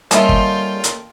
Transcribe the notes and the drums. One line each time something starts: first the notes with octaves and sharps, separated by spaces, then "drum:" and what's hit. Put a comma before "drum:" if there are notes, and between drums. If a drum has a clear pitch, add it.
G3 A#3 C#4 F4 A4 D#5 E5 G5, drum: hi-hat
drum: kick
drum: hi-hat